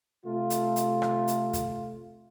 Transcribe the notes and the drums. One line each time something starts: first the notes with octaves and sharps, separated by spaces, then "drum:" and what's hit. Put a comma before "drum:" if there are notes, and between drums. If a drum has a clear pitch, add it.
C3 A3 F4
drum: hi-hat
drum: hi-hat
drum: rim click
drum: hi-hat
drum: kick, hi-hat